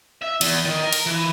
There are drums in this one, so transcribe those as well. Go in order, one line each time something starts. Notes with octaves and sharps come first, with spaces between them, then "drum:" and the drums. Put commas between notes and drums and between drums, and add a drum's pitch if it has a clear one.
E5
E2, drum: cymbal
D#3
A#4
drum: cymbal
E3